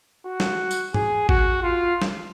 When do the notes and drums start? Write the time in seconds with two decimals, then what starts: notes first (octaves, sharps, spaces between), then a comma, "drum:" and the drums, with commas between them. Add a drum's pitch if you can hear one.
0.26 F#4
0.40 drum: snare
0.71 drum: tambourine
0.94 G#4, drum: tom G#2
1.29 F#4, drum: kick G#1
1.63 F4
2.02 drum: snare